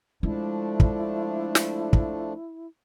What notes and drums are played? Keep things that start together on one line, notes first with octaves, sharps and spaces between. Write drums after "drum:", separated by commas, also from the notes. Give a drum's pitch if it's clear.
F3 G#3 A3 D4 E4
drum: kick
drum: snare
drum: kick